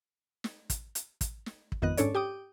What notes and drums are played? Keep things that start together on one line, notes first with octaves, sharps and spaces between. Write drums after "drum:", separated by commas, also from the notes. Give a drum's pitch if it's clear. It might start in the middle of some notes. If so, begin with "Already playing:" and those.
drum: snare
drum: kick, hi-hat
drum: hi-hat
drum: kick, hi-hat
drum: snare
drum: kick
G#1 F2 D#3 B3 D#5 F#6
G#2 C#4 D4 A4 C#5 D5, drum: hi-hat
G4 G5 D6 D#6